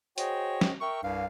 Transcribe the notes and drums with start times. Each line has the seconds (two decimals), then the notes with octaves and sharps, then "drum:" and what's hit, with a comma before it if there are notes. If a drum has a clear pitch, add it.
0.18 F#4 G#4 C5 C#5 D#5 G5, drum: hi-hat
0.61 drum: snare
0.81 A#4 E5 G5 C#6
1.03 C2 G2 F5